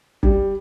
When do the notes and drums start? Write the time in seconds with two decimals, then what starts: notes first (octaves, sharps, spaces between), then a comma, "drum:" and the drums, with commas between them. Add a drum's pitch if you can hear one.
0.23 G3, drum: kick